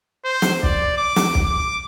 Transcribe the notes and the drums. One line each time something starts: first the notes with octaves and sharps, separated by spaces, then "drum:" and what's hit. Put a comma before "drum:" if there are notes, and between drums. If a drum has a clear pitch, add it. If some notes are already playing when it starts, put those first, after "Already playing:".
C5
drum: snare
D5, drum: kick
D6
drum: snare
drum: kick
D6